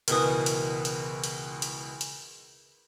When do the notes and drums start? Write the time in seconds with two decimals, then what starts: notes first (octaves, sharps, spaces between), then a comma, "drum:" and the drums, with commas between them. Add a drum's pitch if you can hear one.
0.08 C#2 B2 E3 A#4 B4 D#6, drum: hi-hat
0.46 drum: hi-hat
0.85 drum: hi-hat
1.24 drum: hi-hat
1.62 drum: hi-hat
2.01 drum: hi-hat